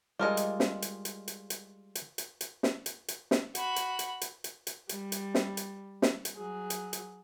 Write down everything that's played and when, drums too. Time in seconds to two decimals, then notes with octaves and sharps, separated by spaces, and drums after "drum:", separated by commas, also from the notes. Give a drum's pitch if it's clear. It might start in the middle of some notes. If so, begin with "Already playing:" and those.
0.19 G3 G#3 F4 A#4 D#5
0.37 drum: hi-hat
0.60 drum: snare
0.82 drum: hi-hat
1.05 drum: hi-hat
1.28 drum: hi-hat
1.50 drum: hi-hat
1.95 drum: hi-hat
2.18 drum: hi-hat
2.41 drum: hi-hat
2.63 drum: snare
2.86 drum: hi-hat
3.08 drum: hi-hat
3.31 drum: snare
3.55 F#4 B5, drum: hi-hat
3.76 drum: hi-hat
3.99 drum: hi-hat
4.21 drum: hi-hat
4.44 drum: hi-hat
4.67 drum: hi-hat
4.89 G3, drum: hi-hat
5.12 drum: hi-hat
5.34 drum: snare
5.57 drum: hi-hat
6.02 drum: snare
6.25 drum: hi-hat
6.35 F#3 G#4
6.70 drum: hi-hat
6.93 drum: hi-hat